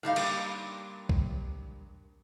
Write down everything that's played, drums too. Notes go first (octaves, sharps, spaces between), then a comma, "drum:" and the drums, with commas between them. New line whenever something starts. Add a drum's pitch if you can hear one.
A2 G3 D#4 F5
G3 A#3 D4, drum: cymbal
drum: kick B1